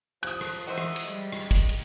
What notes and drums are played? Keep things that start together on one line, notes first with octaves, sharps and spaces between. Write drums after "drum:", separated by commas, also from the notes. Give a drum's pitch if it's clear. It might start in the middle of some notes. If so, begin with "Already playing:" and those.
F3 D#6 F#6, drum: cymbal
drum: rim click
E3 F#4 A#4 C5 D#5 E5
drum: rim click
drum: cymbal
G3 G#3
drum: rim click
drum: kick, cymbal
drum: cymbal